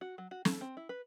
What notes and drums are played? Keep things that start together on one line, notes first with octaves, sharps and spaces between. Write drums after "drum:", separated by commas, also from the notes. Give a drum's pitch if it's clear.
F#4
F#3
F#4
A4, drum: snare
C4
E4
B4